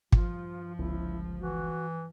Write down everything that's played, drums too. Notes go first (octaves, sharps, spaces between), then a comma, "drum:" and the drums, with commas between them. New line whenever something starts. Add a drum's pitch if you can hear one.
G2 F3 F4, drum: kick
G1 C#2 E4
E3 F#4